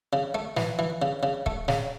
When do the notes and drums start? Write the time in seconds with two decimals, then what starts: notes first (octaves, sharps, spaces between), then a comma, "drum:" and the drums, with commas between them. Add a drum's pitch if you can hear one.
0.13 C#3
0.35 A3
0.57 E3, drum: snare
0.79 E3
1.02 C#3
1.23 C#3
1.46 A3, drum: kick C#1
1.68 C#3, drum: snare